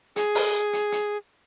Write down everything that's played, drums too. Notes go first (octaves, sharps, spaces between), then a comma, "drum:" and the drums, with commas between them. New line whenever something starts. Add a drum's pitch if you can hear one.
G#4, drum: hi-hat
drum: open hi-hat
drum: hi-hat
drum: hi-hat